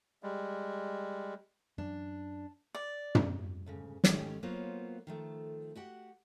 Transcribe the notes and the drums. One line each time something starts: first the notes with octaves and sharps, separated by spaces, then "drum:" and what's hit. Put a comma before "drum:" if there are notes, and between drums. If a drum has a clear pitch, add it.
G3 G#3
F#2 D4
D5
drum: tom
D2 G#2 C#3
G#2 D#3 G#3 A3 C#4 G4, drum: snare
F#3 A#3 B3 F4 C5 C#5
D#3 F3 A3
F#4 G4 F#5